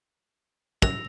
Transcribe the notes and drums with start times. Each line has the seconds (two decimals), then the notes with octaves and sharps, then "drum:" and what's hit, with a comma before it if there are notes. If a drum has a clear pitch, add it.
0.82 F#2 E6 A#6 F7, drum: kick